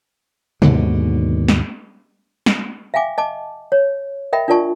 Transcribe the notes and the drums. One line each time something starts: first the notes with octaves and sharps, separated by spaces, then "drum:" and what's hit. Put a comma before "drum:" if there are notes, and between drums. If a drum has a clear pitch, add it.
D#2 G#2 B2 D3, drum: tom
drum: snare
drum: snare
E5 F5 G5 G#5 D6
D#5 A5 D6
C#5
A#4 D#5 E5 G5 B5
D4 F4 A#4 D5 A5 C#6